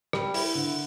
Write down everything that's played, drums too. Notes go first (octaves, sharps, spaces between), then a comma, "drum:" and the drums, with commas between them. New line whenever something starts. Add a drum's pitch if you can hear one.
G3, drum: rim click
E4, drum: open hi-hat
D3